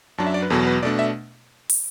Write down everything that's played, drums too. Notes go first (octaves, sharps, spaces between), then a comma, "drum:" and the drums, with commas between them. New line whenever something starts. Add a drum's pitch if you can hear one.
F#2 F#3 D4 A5
E5
D5
B4
E2 B2 F#3 A4
B4
B2 A3 D4 D5
E5
drum: open hi-hat